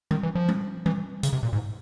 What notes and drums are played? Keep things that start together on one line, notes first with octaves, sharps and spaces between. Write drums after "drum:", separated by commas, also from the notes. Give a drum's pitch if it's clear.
D#3, drum: tom G3
E3
F3
drum: tom G3
E3, drum: tom G3
C#3, drum: hi-hat
C3
A#2
G#2